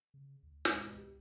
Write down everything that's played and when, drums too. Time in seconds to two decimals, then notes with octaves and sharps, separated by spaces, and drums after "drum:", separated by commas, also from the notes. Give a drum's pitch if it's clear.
0.14 C#3
0.43 D2
0.65 E2 G#2 B2, drum: snare
0.96 C#2 G4